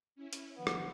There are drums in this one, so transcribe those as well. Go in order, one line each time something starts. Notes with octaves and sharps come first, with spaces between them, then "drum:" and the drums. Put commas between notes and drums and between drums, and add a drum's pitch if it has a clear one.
C#4 E4
drum: hi-hat
D3 D#3 F3 B3
drum: rim click